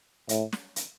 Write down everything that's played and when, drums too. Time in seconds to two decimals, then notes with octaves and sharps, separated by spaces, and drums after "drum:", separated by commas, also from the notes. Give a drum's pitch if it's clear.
0.29 A2, drum: hi-hat
0.53 drum: snare
0.76 drum: hi-hat